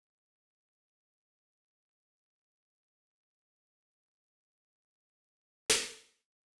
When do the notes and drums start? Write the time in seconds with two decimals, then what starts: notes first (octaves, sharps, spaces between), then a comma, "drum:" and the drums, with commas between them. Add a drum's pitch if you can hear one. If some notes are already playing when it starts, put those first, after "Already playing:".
0.01 C2
0.15 E4
0.57 D3
0.77 F#3
1.04 C#2
2.32 D#4
4.62 B4 F#5
5.70 drum: snare